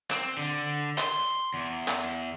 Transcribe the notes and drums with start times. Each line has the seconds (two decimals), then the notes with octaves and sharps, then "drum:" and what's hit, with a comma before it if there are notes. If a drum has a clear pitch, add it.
0.11 C4, drum: clap
0.37 D3
0.98 C6, drum: clap
1.54 E2
1.88 drum: clap